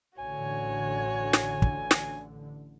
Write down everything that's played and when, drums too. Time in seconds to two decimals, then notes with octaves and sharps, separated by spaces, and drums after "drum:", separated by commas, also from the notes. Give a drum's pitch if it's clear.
0.19 A1 D3 F#4 C#5 G#5
1.33 drum: snare
1.62 drum: kick
1.91 drum: snare